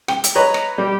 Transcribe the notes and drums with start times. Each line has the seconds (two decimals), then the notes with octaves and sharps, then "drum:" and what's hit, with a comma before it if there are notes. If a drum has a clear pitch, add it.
0.08 G5, drum: rim click
0.24 drum: hi-hat
0.35 B4 C#5 D#5 A#5
0.54 drum: rim click
0.78 G3 G4